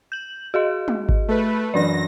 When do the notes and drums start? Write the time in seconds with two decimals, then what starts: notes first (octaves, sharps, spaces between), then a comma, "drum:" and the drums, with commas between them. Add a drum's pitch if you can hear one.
0.12 G6 F#7
0.54 F#4 G#4 D#5
0.88 drum: tom
1.09 drum: kick G#1
1.28 A3 B4
1.74 F#2 E3 D4 D5 A#6